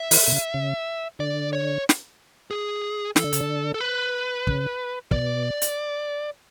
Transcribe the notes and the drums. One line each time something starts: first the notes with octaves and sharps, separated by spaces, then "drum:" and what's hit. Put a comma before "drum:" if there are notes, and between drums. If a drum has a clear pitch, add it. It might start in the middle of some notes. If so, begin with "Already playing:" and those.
Already playing: E5
E3, drum: open hi-hat
B2
C#3
C#3
D3 D5
C#5
drum: snare
G#4
E3 A4, drum: snare
D3
C#3, drum: hi-hat
D3
A4
B4
C#3, drum: kick
B2 D5, drum: kick
drum: hi-hat